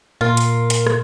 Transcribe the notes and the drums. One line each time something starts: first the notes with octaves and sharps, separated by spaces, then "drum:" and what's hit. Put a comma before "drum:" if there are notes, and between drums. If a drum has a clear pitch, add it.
A#2 F4 A#4
drum: hi-hat
drum: hi-hat
drum: rim click